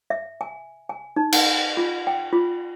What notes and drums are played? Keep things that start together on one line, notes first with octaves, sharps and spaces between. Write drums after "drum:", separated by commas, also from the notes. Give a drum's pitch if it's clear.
E5
G#5
G#5
D#4
D#4, drum: cymbal
F4
G5
F4